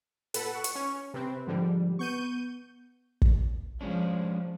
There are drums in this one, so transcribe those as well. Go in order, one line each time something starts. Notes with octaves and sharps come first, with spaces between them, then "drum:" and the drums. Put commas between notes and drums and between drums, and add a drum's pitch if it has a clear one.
A#2 A4 B4 F#5, drum: hi-hat
C#6
drum: hi-hat
C#4
C3 C4 B4
G#2 D3 F3 G3
B3 C#6 G6 D#7
drum: kick
F3 G#3 C#4 D4